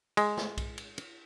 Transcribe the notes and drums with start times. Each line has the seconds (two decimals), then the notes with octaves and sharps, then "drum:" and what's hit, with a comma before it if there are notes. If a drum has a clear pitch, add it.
0.17 G#3, drum: cymbal
0.37 drum: snare
0.58 drum: kick B1, cymbal
0.78 drum: cymbal
0.98 drum: cymbal